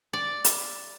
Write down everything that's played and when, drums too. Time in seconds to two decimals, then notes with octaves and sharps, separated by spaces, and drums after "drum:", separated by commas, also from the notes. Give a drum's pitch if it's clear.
0.13 D5
0.44 drum: hi-hat